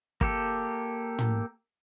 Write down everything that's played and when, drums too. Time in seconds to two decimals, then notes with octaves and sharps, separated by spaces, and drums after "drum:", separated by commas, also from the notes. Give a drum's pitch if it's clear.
0.21 A#3 G4 A4, drum: kick
1.19 drum: tom